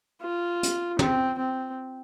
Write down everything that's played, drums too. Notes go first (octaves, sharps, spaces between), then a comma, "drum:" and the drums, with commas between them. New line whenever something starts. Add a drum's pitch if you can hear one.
F4
drum: hi-hat
C4, drum: tom
C4